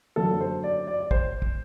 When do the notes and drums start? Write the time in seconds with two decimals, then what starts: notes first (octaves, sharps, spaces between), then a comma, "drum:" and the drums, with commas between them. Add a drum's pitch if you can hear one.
0.16 F#1 F#2 D3 F#3 A3 A4
0.41 C5
0.64 D5
0.87 D5
1.00 D5
1.11 C5, drum: kick
1.42 drum: kick